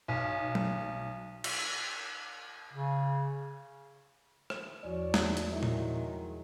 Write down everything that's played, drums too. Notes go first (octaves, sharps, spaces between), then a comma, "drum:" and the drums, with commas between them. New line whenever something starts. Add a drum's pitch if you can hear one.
B1
drum: tom
drum: cymbal
C#3
drum: rim click
E2 F3 F#4 C#5 D5
drum: snare
drum: hi-hat
D#3 F#3 G#3 E4 G#4 E5
drum: tom A#2